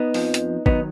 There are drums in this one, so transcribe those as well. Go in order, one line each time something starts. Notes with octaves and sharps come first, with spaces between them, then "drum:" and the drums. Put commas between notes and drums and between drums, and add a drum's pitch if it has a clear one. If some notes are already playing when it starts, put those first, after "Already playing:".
Already playing: B3 D#4
F2 F3, drum: open hi-hat
drum: hi-hat
D#3 F#3 B3 D#4, drum: kick